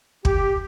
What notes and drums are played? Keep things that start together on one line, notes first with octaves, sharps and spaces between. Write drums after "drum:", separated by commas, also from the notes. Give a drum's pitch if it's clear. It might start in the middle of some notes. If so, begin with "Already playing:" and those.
G4, drum: kick